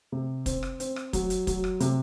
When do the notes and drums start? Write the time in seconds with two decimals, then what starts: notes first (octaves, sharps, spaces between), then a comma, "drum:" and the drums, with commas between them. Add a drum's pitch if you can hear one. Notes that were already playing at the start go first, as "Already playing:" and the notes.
0.12 C3
0.46 C4, drum: kick, hi-hat
0.63 drum: rim click
0.80 C4, drum: hi-hat
0.96 drum: rim click
1.13 F#3, drum: kick, hi-hat
1.30 drum: hi-hat
1.47 F#3, drum: kick, hi-hat
1.64 drum: rim click
1.80 C3, drum: hi-hat